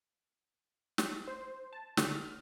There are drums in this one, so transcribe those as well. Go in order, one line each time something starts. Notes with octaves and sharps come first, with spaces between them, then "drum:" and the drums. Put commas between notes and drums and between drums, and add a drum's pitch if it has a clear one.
drum: snare
C5
A5
D3, drum: snare
F6